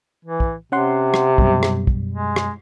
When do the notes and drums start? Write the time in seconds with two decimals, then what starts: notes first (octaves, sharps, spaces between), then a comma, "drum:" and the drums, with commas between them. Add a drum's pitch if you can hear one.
0.25 E3
0.40 drum: kick
0.72 C3 C#4 F#5 C6
1.14 drum: rim click
1.38 F#2 B2 G3, drum: kick
1.63 drum: rim click
1.87 drum: kick
2.11 G#3
2.36 drum: rim click